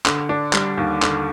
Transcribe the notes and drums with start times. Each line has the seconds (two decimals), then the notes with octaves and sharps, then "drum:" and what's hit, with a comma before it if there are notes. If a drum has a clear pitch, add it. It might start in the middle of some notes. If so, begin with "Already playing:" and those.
0.06 D3, drum: clap
0.29 D4
0.53 G3, drum: clap
0.78 D#2
1.03 D3, drum: clap